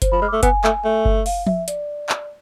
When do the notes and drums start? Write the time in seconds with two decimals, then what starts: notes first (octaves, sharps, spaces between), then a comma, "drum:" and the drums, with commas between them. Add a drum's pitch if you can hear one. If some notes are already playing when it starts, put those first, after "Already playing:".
0.02 C5, drum: kick F#1, hi-hat
0.12 F3 B5
0.22 G#3 F6
0.28 D6
0.33 A3 E6
0.43 B3 G#5, drum: kick F#1, hi-hat
0.64 A3, drum: clap
0.85 A3
1.05 drum: kick F#1
1.26 F5, drum: open hi-hat
1.47 E5, drum: tom F3
1.68 D5, drum: hi-hat
2.09 drum: clap